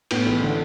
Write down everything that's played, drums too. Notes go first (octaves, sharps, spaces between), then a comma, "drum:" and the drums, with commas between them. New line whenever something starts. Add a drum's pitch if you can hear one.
A2 B3, drum: cymbal
A1
D3